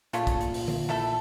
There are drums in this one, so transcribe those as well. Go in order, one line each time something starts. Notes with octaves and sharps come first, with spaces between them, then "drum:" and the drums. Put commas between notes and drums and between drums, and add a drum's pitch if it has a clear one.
A#2 C#3 A3 F4, drum: hi-hat
drum: kick, hi-hat
drum: hi-hat
drum: open hi-hat
drum: tom D3
A3 E4 A4